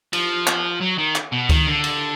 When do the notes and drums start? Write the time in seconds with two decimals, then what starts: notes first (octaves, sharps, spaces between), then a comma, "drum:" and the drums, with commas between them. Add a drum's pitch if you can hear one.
0.13 F3, drum: cymbal
0.47 drum: clap
0.81 F#3
0.98 D#3
1.15 drum: clap
1.32 B2
1.49 D#3, drum: kick C#2, cymbal
1.67 D3
1.84 drum: cymbal